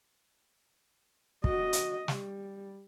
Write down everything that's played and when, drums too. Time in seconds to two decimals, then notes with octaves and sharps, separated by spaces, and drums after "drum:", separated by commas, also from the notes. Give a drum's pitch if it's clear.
1.44 F#4 D#5, drum: kick
1.73 drum: hi-hat
2.08 G3, drum: snare